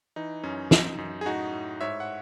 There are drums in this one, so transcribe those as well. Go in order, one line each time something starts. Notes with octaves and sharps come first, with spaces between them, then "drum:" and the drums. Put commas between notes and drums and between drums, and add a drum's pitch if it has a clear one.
E3 D#4
F#2 C#4
F#2 D#4, drum: snare
F#2
G#4
A2 D#4 F#4
A2
G#2 C#5 E5
F#5